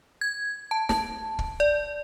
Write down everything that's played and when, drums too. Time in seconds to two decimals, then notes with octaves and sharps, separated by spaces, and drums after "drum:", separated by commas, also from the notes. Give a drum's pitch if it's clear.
0.21 G#6
0.71 A5
0.89 A5, drum: snare
1.39 drum: kick
1.60 D5